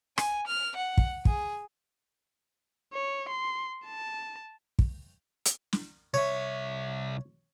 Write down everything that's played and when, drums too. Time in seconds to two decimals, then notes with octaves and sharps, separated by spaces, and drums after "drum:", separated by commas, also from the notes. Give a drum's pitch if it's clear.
0.18 G#5, drum: rim click
0.47 F6
0.76 F#5
0.98 drum: kick
1.25 G#4, drum: kick
2.93 C#5
3.29 C6
3.86 A5
4.79 drum: kick
5.46 drum: hi-hat
5.73 drum: snare
6.14 C2 C#5 E5